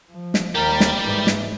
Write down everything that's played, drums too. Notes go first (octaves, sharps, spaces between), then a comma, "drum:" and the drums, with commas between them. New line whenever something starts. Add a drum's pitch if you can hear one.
F3
drum: snare
D#2 G3 G4 A#4
drum: snare
G#2 E3
drum: snare